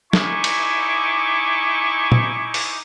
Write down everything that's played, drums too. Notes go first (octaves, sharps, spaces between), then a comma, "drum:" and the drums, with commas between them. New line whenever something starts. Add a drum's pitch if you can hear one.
D#4 E4 G#5 C#6 D6, drum: snare
drum: cymbal
drum: tom A#2
drum: open hi-hat